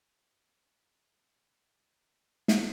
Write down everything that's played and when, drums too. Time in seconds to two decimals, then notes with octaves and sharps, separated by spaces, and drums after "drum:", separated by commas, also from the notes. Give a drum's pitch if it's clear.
0.03 F#3 A3 A#4
2.48 drum: snare